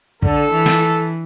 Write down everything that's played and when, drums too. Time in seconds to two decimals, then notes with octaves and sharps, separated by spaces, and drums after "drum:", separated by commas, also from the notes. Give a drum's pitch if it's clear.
0.22 D3 A4, drum: kick
0.52 E3
0.66 drum: snare